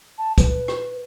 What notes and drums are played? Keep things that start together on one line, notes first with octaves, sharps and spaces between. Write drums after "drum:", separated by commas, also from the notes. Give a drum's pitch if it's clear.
A5
B4, drum: kick, hi-hat
drum: rim click